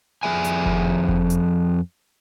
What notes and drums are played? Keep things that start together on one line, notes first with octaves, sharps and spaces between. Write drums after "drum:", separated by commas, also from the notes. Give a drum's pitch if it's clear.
F2 B3 G#4 E5 G#5
drum: hi-hat
drum: kick F#1
drum: kick F#1
drum: hi-hat